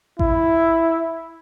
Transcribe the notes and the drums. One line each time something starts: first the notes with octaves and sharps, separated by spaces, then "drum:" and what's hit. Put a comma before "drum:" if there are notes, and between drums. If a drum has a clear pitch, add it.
E4, drum: kick A1